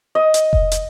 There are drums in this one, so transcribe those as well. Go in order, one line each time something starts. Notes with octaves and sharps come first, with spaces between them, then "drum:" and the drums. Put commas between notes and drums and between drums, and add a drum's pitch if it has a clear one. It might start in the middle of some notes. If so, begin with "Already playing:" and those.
D#5
drum: hi-hat
drum: kick F1
drum: hi-hat